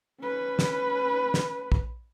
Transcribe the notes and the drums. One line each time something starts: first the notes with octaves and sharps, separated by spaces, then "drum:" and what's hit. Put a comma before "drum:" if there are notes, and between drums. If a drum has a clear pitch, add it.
C#4 B4
drum: snare
drum: snare
drum: kick